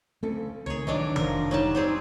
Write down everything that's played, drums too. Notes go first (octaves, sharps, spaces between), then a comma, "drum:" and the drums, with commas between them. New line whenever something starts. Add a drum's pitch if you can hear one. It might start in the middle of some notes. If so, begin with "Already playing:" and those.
D2 C#3 A3 C4 A4
C#2 D#3 G#4 C#5
D#3 E3 F#3 D4 D#4
F1 F3 D4 A#4, drum: tom D#3
G#2 D#3 F#3 G3 D#4 C#5 A5
F#3 C4 G#4